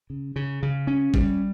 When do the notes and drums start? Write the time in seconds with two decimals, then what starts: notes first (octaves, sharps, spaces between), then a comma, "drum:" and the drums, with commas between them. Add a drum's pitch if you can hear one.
0.10 C#3
0.36 C#3
0.63 C#3
0.87 C#4
1.14 G3, drum: kick G1